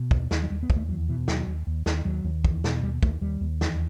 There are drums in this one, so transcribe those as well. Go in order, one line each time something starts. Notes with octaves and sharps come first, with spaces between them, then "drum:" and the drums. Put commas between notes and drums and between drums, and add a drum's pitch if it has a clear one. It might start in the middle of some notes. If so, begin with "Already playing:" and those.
Already playing: B2
D#2, drum: kick
D#2, drum: snare
F#3
D#2 G3
B3
D#2, drum: kick
A3
E2 F#3
B2 E3
D#2 F#3, drum: snare
D#2
D#2
D#2, drum: snare
D#2 F#3
D#2
E2, drum: kick
B2, drum: snare
D#2 G3
D#2 A3, drum: kick
D#2 G3
D#2
E2, drum: snare